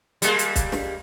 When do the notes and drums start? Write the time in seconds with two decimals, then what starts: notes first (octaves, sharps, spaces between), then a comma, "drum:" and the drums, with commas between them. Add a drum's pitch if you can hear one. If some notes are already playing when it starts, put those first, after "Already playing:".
0.22 G3 G#3 A#3, drum: hi-hat
0.39 drum: hi-hat
0.56 drum: kick, hi-hat
0.72 drum: snare